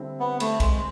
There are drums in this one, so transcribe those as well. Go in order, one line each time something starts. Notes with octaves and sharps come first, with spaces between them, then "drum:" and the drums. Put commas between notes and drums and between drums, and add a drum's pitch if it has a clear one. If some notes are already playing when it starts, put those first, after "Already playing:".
Already playing: D3 G3 C4 E4
B3
A3, drum: cymbal
G#3, drum: kick B1, cymbal